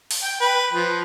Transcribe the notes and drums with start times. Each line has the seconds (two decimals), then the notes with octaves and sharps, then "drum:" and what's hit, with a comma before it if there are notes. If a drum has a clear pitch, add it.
0.11 drum: open hi-hat
0.23 G5
0.41 B4
0.73 F3